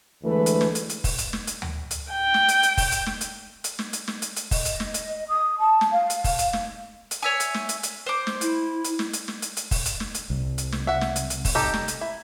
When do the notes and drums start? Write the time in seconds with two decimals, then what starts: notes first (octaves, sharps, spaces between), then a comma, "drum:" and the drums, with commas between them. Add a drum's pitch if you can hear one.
0.23 D2 E3 G#3 A3 B4
0.46 drum: hi-hat
0.61 drum: snare
0.75 drum: hi-hat
0.90 drum: hi-hat
1.04 drum: kick F1, open hi-hat
1.18 drum: hi-hat
1.33 drum: snare
1.47 drum: hi-hat
1.62 drum: tom D2
1.91 drum: hi-hat
2.11 G5
2.34 drum: snare
2.49 drum: hi-hat
2.63 drum: hi-hat
2.77 drum: kick F1, open hi-hat
2.92 drum: hi-hat
3.06 drum: snare
3.21 drum: hi-hat
3.64 drum: hi-hat
3.79 drum: snare
3.93 drum: hi-hat
4.08 drum: snare
4.22 drum: hi-hat
4.36 drum: hi-hat
4.51 D#5, drum: kick F1, open hi-hat
4.65 drum: hi-hat
4.80 drum: snare
4.94 drum: hi-hat
5.29 D#6
5.59 A5
5.81 drum: snare
5.91 F5
6.10 drum: hi-hat
6.24 drum: kick F1, open hi-hat
6.39 drum: hi-hat
6.53 drum: snare
7.11 drum: hi-hat
7.22 C#5 E5 G#5
7.40 drum: hi-hat
7.54 drum: snare
7.69 drum: hi-hat
7.83 drum: hi-hat
8.06 C5 D6
8.27 drum: snare
8.41 E4, drum: hi-hat
8.85 drum: hi-hat
8.99 drum: snare
9.13 drum: hi-hat
9.28 drum: snare
9.42 drum: hi-hat
9.57 drum: hi-hat
9.71 drum: kick F1, open hi-hat
9.86 drum: hi-hat
10.00 drum: snare
10.15 drum: hi-hat
10.30 C2
10.58 drum: hi-hat
10.72 drum: snare
10.87 E5 F#5
11.01 drum: snare
11.16 drum: hi-hat
11.30 drum: hi-hat
11.45 drum: kick F1, open hi-hat
11.55 D#4 G4 A4
11.74 drum: snare
11.88 drum: hi-hat
12.01 E4